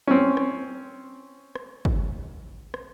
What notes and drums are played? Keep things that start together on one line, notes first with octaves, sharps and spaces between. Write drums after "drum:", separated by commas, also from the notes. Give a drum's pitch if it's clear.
C4 C#4
drum: rim click
drum: rim click
drum: kick
drum: rim click